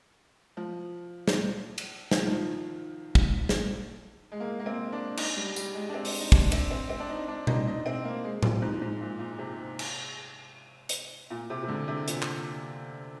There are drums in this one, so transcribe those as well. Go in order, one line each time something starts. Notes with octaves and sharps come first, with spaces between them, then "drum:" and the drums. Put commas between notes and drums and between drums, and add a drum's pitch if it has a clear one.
F3
drum: snare
drum: cymbal
F3, drum: snare
D#3
F3
drum: kick
drum: snare
G#3
A#3
A#3
C4
D4
D#4, drum: cymbal
G3
G3, drum: tambourine
G#3
D4
C4
drum: open hi-hat
D#4
D4, drum: kick
C4, drum: cymbal
C4
C4
D4
D#4
D4
D#4, drum: tom B2
D#4
C4
A#3
G#3
F3, drum: tom A2
G#2
G#2
A#2
A#2
C3
drum: cymbal
drum: hi-hat
A#2
C3
C3
D3
C3
A#2, drum: hi-hat
drum: clap